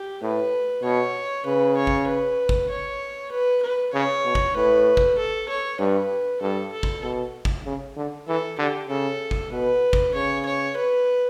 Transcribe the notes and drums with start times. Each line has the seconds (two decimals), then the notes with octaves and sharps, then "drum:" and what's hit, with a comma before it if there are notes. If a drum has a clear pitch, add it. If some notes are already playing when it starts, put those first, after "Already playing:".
Already playing: G4
0.22 A2 B4
0.83 B2 C#5
1.46 C#3 B4
1.77 C#5
1.87 drum: kick
2.07 B4
2.49 drum: kick
2.70 C#5
3.32 B4
3.63 B4
3.93 C#3 C#5
4.25 B2
4.35 drum: kick
4.56 A2 B4
4.97 drum: kick
5.18 A4
5.49 C#5
5.79 G2 B4
6.42 G2 A4
6.72 A4
6.83 drum: kick
7.03 B2
7.45 drum: kick
7.66 C#3
7.97 D3
8.28 E3 A4
8.58 D3 G4
8.89 C#3 A4
9.31 drum: kick
9.52 B2 B4
9.93 drum: kick
10.14 C#3 C#5
10.45 C#5
10.76 B4